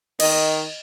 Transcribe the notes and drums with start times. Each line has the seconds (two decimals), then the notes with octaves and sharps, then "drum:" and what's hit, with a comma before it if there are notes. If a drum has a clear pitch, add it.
0.20 D#3 D#5, drum: cymbal